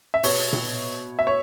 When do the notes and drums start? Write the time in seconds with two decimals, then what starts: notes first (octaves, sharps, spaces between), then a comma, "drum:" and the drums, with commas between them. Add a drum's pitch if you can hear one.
0.14 E5
0.23 B2 B3 C#5, drum: open hi-hat
0.53 drum: tom A#2
1.19 E5
1.27 C#5